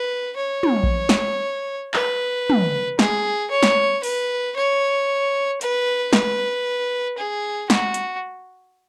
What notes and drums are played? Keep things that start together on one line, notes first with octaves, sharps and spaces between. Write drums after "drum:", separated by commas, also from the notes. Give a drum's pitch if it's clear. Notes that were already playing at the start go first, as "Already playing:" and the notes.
Already playing: B4
C#5
drum: tom
drum: kick A#1
drum: snare
B4, drum: clap
drum: tom
G#4, drum: snare
C#5
drum: snare
B4, drum: open hi-hat
C#5
B4, drum: hi-hat
B4, drum: snare
G#4
F#4, drum: snare
drum: hi-hat